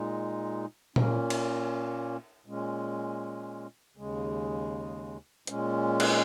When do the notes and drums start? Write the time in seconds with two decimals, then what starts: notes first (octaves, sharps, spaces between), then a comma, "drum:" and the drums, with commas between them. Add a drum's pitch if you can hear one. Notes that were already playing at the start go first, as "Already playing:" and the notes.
Already playing: A#2 G#3 D#4
0.96 A#2 A#3 C#4, drum: tom A#2
1.30 drum: cymbal
2.46 A#2 G#3 C#4
3.97 D#2 C#3 G#3
5.47 A#2 G#3 C#4, drum: hi-hat
6.00 drum: cymbal